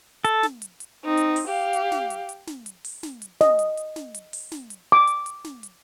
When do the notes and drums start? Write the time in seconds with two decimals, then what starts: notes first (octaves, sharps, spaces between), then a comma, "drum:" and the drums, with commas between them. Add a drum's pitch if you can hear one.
0.25 A4, drum: hi-hat
0.43 drum: snare
0.62 drum: hi-hat
0.80 drum: hi-hat
1.05 C4 D#4
1.17 drum: hi-hat
1.36 drum: open hi-hat
1.48 G4 F5
1.73 drum: hi-hat
1.92 drum: snare
2.10 drum: hi-hat
2.29 drum: hi-hat
2.47 drum: snare
2.66 drum: hi-hat
2.84 drum: open hi-hat
3.03 drum: snare
3.22 drum: hi-hat
3.41 D#5, drum: snare
3.59 drum: hi-hat
3.77 drum: hi-hat
3.96 drum: snare
4.14 drum: hi-hat
4.33 drum: open hi-hat
4.52 drum: snare
4.70 drum: hi-hat
4.92 D6
5.07 drum: hi-hat
5.26 drum: hi-hat
5.44 drum: snare
5.63 drum: hi-hat